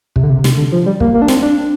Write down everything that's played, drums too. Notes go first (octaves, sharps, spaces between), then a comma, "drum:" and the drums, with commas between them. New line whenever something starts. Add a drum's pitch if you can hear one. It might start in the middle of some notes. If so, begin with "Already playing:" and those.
C3, drum: kick
D3
C3
C3, drum: snare
D3
F3
G3
A#3, drum: kick
A#3
D4
C4, drum: snare
D4